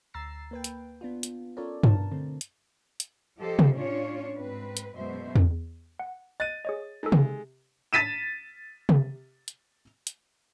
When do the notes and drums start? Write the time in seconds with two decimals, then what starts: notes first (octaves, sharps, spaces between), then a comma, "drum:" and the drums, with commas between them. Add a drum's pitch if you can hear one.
0.14 D2 A#5 E6 A6 C7
0.51 A#3 B4 G5
0.64 drum: hi-hat
1.01 B3 D4 F4
1.23 drum: hi-hat
1.57 C#4 F4 A4 A#4 C#5 D5
1.84 B2 A#4 A5, drum: tom G2
2.12 D3 A3 C4
2.41 drum: hi-hat
3.00 drum: hi-hat
3.39 F3 G4 A4 C5 D#5
3.59 drum: tom C3
3.74 A2 C#4 D4 F4 C#5
4.36 G#2 C4 B4
4.77 drum: hi-hat
4.97 F#2 B2 G#3 C5 E5
5.36 drum: tom E2
5.99 F#5
6.40 D#5 F#6 A6 D#7
6.65 G#4 C#5 D#5
7.03 G#3 D#4 A4
7.12 drum: tom C3
7.93 A6 B6 D#7 E7
8.89 drum: tom C3
9.48 drum: hi-hat
10.07 drum: hi-hat